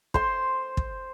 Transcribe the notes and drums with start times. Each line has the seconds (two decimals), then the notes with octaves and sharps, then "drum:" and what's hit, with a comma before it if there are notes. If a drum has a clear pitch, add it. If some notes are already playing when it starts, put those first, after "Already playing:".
0.14 C5 C6, drum: kick
0.77 drum: kick